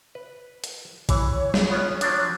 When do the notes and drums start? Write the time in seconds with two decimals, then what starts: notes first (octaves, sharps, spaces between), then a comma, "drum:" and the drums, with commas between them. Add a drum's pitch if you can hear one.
0.15 B4
0.64 drum: hi-hat
1.09 E3 C#5, drum: kick, hi-hat
1.54 drum: snare
1.70 B3 C#4 F4
2.01 F3 F#3 D4, drum: hi-hat